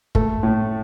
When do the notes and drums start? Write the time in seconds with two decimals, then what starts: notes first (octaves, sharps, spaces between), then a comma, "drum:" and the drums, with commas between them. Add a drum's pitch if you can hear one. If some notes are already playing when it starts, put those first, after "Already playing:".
0.15 A3 A4, drum: kick
0.43 A2